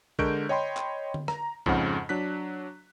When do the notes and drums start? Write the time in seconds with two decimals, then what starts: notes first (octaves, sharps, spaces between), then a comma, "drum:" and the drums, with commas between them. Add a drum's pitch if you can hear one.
0.19 D3 G#3 A#4 C#6 G6 D7, drum: kick A#1
0.49 C#5 D#5 G5 B5 C6
0.77 drum: clap
1.14 drum: tom D3
1.28 A#5, drum: rim click
1.66 F2 G#2 C#3 F#5, drum: kick A#1
2.09 F#3 D4 F#6 B6